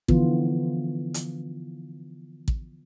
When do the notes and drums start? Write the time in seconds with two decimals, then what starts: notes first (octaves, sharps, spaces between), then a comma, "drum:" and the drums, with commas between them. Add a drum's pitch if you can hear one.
0.08 D3 E3 F3 B3 F4, drum: kick
1.14 drum: hi-hat
2.48 drum: kick